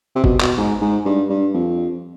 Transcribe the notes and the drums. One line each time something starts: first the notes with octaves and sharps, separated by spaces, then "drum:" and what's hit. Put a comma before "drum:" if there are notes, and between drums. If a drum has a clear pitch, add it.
C3
B2, drum: kick
B2, drum: clap
G#2
G#2
G2
G2
F2